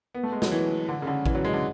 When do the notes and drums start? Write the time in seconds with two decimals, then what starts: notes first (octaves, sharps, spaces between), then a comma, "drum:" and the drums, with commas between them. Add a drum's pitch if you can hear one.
0.15 B3
0.23 A3
0.32 G#3
0.42 F#3, drum: snare
0.51 E3
0.89 D3
1.02 C#3
1.07 D3
1.26 E3, drum: kick A1
1.35 F#3
1.45 G#3
1.53 D3